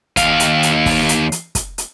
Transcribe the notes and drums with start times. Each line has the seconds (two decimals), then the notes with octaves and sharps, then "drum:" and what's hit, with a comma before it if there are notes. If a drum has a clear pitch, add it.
0.17 D#2 F5, drum: kick, hi-hat
0.40 drum: hi-hat
0.63 drum: hi-hat
0.86 drum: kick, open hi-hat
1.09 drum: hi-hat
1.32 drum: hi-hat
1.55 drum: kick, hi-hat
1.78 drum: hi-hat